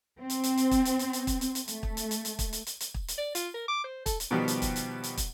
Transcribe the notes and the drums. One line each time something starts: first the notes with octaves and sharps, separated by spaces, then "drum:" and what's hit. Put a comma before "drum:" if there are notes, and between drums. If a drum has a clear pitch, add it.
C4
drum: hi-hat
drum: hi-hat
drum: hi-hat
drum: kick, hi-hat
drum: hi-hat
drum: hi-hat
drum: hi-hat
drum: kick, hi-hat
drum: hi-hat
drum: hi-hat
A3, drum: hi-hat
drum: kick
drum: hi-hat
drum: hi-hat
drum: hi-hat
drum: kick, hi-hat
drum: hi-hat
drum: hi-hat
drum: hi-hat
drum: kick
drum: hi-hat
D5
F4, drum: hi-hat
A#4
D6
C5
A4, drum: kick, hi-hat
drum: hi-hat
B2 D#3 F3 G3 B3 G4
drum: hi-hat
drum: kick, hi-hat
drum: hi-hat
drum: hi-hat
drum: kick, hi-hat